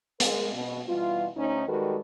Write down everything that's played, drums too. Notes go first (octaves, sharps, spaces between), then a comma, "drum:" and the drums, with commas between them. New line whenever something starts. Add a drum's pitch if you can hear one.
G#3 A#4, drum: hi-hat
B2
B2 E3 G3 F4
D2 A3 C#4 D#4
D#3 G3 G#3 F#4 A4 B4